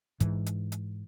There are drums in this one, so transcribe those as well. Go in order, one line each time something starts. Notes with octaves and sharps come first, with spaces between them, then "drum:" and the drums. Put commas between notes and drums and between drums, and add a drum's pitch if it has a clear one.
G#2 E3, drum: kick, hi-hat
drum: hi-hat
drum: hi-hat